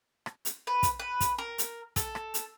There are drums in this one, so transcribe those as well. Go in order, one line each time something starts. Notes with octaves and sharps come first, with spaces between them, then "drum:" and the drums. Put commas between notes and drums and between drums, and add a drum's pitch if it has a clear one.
drum: rim click
drum: hi-hat
B4
drum: kick, hi-hat
B4
drum: kick, hi-hat
A#4
drum: hi-hat
A4, drum: kick, hi-hat
drum: rim click
drum: hi-hat